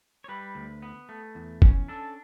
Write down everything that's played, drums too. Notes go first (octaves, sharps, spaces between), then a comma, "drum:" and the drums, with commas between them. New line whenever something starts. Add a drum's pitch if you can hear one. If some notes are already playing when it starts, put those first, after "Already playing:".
C#5
G3 B4
D2
B3
A3
E2
C#4, drum: kick
D4 A4